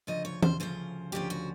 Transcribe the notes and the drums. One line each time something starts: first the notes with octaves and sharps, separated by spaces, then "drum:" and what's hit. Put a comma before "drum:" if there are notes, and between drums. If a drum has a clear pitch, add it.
D2 C#3 F3 D#5
C#5
C5, drum: tom
D2 C#3 F3 C5
D2 C#3 F3 G4
F#4